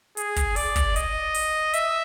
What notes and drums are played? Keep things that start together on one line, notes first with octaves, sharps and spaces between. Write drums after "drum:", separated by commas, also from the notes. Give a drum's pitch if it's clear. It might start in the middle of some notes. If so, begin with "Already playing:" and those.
G#4, drum: hi-hat
drum: kick, hi-hat
D5, drum: open hi-hat
drum: kick, hi-hat
D#5, drum: hi-hat
drum: open hi-hat
E5, drum: hi-hat